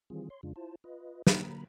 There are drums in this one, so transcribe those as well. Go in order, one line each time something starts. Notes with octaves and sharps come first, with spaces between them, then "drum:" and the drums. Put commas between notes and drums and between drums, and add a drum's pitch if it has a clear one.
D#3 E3 G3 C4 F4 G#4
C#5 C6
F2 C#3 G#3 D4 F4
E4 F4 C5 A5
F4 B4 D#5
D3 F#3 A#3 A#5 B5, drum: snare